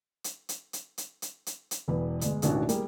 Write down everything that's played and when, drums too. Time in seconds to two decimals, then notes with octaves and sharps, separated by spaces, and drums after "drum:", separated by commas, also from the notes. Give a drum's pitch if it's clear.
0.24 drum: hi-hat
0.49 drum: hi-hat
0.73 drum: hi-hat
0.98 drum: hi-hat
1.22 drum: hi-hat
1.46 drum: hi-hat
1.71 drum: hi-hat
1.88 E1 E2 B4
2.21 G1 G#3, drum: hi-hat
2.42 E1 A1 D#3 C#4 D4 F#4, drum: hi-hat
2.69 G3 A#3 G#4, drum: hi-hat